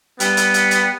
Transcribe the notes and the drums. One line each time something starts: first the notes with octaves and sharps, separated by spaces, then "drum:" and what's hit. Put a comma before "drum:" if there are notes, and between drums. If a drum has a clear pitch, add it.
G3 B3, drum: hi-hat
drum: hi-hat
drum: hi-hat
drum: hi-hat